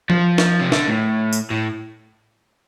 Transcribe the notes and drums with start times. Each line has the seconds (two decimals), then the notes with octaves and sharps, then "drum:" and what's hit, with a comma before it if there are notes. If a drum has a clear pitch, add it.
0.10 F3, drum: tom F3
0.38 drum: snare
0.61 C3
0.72 D3, drum: snare
0.88 A2
1.33 drum: tambourine
1.51 A2